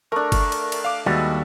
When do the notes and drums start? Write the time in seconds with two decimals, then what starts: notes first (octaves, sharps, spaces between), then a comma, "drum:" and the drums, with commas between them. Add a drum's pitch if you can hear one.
0.12 A3 D4 A#4 C#6
0.32 drum: kick G1, cymbal
0.52 drum: cymbal
0.72 drum: cymbal
0.85 F5 D6
1.06 D#2 G3 G#3 F#4 B4 E5